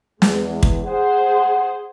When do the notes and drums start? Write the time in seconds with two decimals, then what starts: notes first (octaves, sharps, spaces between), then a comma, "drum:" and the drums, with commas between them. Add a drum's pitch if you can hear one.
0.22 E2 G#3, drum: snare
0.63 drum: kick
0.85 G#4 C5 F#5